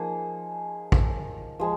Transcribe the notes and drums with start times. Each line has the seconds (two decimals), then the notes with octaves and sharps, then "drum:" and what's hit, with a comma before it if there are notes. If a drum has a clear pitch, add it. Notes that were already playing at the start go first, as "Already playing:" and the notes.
Already playing: F3 A#3 D#4 G#4
0.92 drum: kick
1.60 F3 G#3